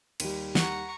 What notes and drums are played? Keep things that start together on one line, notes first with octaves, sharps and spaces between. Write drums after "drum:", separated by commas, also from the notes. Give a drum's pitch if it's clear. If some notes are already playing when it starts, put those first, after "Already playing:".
D#2 G3, drum: cymbal
F#5 A#5 C#6, drum: snare